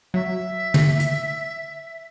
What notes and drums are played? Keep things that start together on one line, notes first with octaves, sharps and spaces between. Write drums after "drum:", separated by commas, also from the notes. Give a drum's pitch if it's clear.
F#3 E5
drum: tom
drum: hi-hat